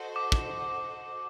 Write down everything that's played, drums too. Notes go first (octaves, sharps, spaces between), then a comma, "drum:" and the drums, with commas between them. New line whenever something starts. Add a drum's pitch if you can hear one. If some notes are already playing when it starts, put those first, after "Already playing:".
Already playing: F#4 A4 C5 D#5 F#5
D6
drum: kick